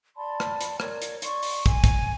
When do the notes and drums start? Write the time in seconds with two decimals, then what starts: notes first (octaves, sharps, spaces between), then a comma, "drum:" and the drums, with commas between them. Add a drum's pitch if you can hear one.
0.16 D5 A5 B5 C6
0.40 drum: rim click
0.61 drum: hi-hat
0.80 A#4 C#5 D5, drum: rim click
1.02 drum: hi-hat
1.22 D5 C6 C#6, drum: hi-hat
1.43 drum: open hi-hat
1.66 G#5, drum: kick, hi-hat
1.84 drum: kick, hi-hat